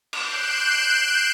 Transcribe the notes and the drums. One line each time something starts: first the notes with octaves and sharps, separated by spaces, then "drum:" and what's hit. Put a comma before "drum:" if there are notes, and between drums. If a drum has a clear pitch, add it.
F#6 G6 C7 D7 E7, drum: cymbal